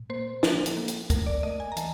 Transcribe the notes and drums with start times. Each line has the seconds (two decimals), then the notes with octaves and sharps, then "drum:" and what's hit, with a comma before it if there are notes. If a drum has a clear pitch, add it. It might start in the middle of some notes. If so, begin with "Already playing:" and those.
Already playing: A#2
0.10 A#3 C5
0.43 F3 A4, drum: snare
0.66 drum: hi-hat
0.77 A#3
0.88 drum: hi-hat
1.10 A3 A#4, drum: kick, hi-hat
1.26 D5
1.43 A3 D#5
1.60 G#5
1.72 A#5
1.77 E3 A5, drum: hi-hat